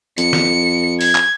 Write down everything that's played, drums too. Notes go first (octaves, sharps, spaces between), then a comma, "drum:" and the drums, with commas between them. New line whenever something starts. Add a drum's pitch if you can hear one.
F2 C#7, drum: hi-hat
drum: snare
G#6, drum: open hi-hat
drum: clap